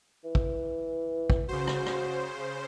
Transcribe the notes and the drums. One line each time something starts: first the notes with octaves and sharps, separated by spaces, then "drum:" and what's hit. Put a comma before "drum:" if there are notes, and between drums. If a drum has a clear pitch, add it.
E3
drum: kick
drum: kick
C#3 F#4 C5
drum: rim click
drum: rim click